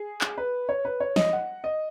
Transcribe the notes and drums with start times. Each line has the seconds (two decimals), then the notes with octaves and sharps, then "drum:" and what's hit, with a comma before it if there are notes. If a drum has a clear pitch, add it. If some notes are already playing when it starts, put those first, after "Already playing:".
Already playing: G#4
0.21 drum: clap
0.38 B4
0.69 C#5
0.85 B4
1.00 C#5
1.16 D#5, drum: snare
1.33 F#5
1.64 D#5